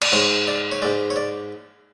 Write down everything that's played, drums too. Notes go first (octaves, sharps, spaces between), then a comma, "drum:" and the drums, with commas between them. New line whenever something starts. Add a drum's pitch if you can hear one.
D5, drum: cymbal
G#2 G#3 C#5
D5
C#5
G#2 G#3 D5
C#5
D5